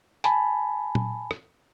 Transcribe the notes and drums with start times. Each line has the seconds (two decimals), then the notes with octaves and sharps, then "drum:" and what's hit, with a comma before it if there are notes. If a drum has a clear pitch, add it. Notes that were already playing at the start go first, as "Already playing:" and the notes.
0.24 G#5 A5 B5, drum: hi-hat
0.95 drum: tom A#2
1.31 drum: rim click